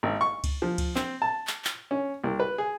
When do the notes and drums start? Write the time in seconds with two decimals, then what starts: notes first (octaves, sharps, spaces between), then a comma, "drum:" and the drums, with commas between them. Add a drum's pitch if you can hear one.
0.03 G#1
0.21 C#6
0.44 drum: kick C#2, cymbal
0.62 F3
0.78 drum: kick C#2, cymbal
0.96 C4, drum: clap
1.22 A5
1.47 drum: clap
1.65 drum: clap
1.91 C#4
2.24 C2
2.40 B4
2.58 G#4